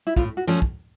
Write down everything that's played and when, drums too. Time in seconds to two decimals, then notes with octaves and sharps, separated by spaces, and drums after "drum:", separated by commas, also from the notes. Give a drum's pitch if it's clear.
0.07 E4
0.16 A2 F4, drum: kick
0.37 F#4
0.47 F3 A3 C#4
0.62 drum: kick